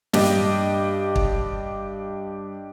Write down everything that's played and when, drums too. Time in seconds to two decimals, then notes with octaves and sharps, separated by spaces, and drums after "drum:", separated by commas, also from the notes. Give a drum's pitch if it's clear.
0.13 G2 D4 G4 D#5, drum: snare
1.16 drum: kick